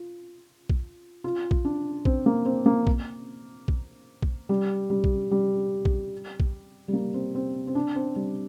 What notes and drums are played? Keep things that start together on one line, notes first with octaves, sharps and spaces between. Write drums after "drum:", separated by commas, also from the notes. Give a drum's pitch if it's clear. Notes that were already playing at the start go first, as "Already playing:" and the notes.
Already playing: F4
drum: kick A#1
F4
drum: kick A#1
D4
C4, drum: kick A#1
A#3
C4
A#3
drum: kick A#1
drum: kick A#1
drum: kick A#1
G3
G3
drum: kick A#1
G3
drum: kick A#1
drum: kick A#1
G3
A#3
C4
C4
C4
D4
C4
G3